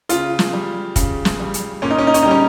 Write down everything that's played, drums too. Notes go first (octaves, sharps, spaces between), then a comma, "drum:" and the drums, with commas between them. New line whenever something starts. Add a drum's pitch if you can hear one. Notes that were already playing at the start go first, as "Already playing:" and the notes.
C#3 F4, drum: hi-hat
drum: snare
G3
C#3, drum: kick, hi-hat
drum: snare
G3
drum: hi-hat
A#2 C#4
D#4
C#4
D#4
C#4, drum: hi-hat
D#4
G3
C#4